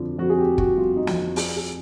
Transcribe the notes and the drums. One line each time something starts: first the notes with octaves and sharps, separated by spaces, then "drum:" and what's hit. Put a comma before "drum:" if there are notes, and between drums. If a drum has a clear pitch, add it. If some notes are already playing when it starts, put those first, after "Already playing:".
Already playing: F2 D3 F3
F2 F#4
G#4
G4
F3
F#4, drum: kick
G1 F4
D#4
F2, drum: snare
F3 G#4, drum: open hi-hat
G#4